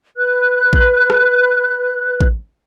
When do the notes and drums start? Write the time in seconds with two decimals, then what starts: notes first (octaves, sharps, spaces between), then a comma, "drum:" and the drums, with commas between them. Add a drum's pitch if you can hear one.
0.17 B4 F#6
0.73 drum: kick A1
1.10 drum: rim click
2.21 drum: kick A1